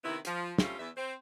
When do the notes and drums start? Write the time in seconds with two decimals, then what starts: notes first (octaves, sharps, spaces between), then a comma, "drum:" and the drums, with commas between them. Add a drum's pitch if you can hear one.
0.03 C3 D#3 B3 E4
0.25 F3, drum: hi-hat
0.58 F3 G3 A3 C4 C#4 F4, drum: snare
0.78 E2 E5
0.95 C4 C5